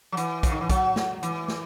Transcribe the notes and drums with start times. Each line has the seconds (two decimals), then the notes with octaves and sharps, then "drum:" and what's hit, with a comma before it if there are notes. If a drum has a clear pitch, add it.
0.12 F#3
0.17 E3, drum: hi-hat
0.43 C#3, drum: kick, hi-hat
0.52 D#3
0.61 E3
0.70 F#3, drum: kick, hi-hat
0.96 drum: snare
1.23 E3, drum: hi-hat
1.48 drum: snare